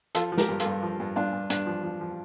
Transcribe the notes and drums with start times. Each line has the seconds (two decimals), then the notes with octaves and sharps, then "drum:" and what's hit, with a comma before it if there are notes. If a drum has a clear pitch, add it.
0.15 F3 F4 A4, drum: hi-hat
0.32 F3
0.38 G4 A#4, drum: snare
0.49 G2
0.60 F4 A4, drum: hi-hat
0.66 G2
0.83 F3
1.00 G2
1.16 G2 D4 F4
1.33 G2
1.50 G2 D4, drum: hi-hat
1.66 F3
1.83 F3
2.01 F3